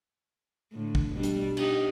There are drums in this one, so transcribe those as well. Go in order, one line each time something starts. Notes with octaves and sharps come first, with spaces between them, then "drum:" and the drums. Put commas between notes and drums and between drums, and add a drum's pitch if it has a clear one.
A2 D3
drum: kick
B2 G3 D4
drum: hi-hat
D#4 G4, drum: cymbal